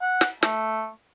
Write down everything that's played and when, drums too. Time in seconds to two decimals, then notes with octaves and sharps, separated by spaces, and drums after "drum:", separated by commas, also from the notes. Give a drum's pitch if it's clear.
0.01 F#5
0.21 drum: snare
0.43 A3, drum: snare